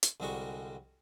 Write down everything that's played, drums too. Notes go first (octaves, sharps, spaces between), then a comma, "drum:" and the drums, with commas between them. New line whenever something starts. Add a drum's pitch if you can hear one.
drum: hi-hat
C2 D3 G3 G#3 F#4 C#6